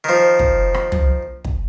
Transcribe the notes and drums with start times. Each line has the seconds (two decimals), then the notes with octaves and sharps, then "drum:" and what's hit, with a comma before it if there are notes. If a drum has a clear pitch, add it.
0.04 D#3 F3
0.39 drum: kick
0.74 drum: rim click
0.92 drum: tom
1.45 drum: kick